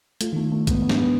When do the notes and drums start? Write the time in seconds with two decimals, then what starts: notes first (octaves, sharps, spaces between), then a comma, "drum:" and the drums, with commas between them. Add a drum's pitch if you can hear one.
0.21 A3 F4, drum: hi-hat
0.33 D#3
0.36 A3
0.52 A3
0.67 G#2 B3, drum: kick, hi-hat
0.82 B3
0.89 G#2, drum: snare
0.97 B3